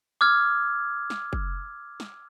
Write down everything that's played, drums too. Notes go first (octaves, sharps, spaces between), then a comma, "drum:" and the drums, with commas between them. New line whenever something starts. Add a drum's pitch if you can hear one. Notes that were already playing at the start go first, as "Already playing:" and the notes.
D6 E6 F6 G#6
drum: snare
drum: kick
drum: snare